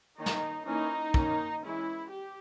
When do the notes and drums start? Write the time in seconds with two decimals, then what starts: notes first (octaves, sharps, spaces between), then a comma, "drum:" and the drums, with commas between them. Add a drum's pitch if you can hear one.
0.17 D#3 A#3 C#4 D#4
0.26 drum: snare
0.66 E3 A#3 C#4 D#4
1.14 D#3 A#3 C#4, drum: kick
1.62 E3 G#3 C#4 E4
2.11 G4